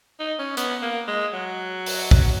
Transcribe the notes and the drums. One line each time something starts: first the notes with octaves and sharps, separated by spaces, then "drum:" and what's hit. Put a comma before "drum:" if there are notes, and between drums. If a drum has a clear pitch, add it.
D#4
C#4
B3, drum: hi-hat
A#3
G#3
F#3
drum: open hi-hat
drum: kick A#1